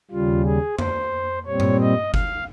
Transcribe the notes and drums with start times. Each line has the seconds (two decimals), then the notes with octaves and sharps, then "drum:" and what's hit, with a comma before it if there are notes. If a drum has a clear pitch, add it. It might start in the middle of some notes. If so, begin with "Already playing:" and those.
0.11 D#2 C#3 G3 F4
0.45 G#4
0.79 C5, drum: tom F2
1.46 A#2 G3 C4 C#5
1.60 drum: tom G2
1.81 D#5
2.14 F5, drum: kick F#1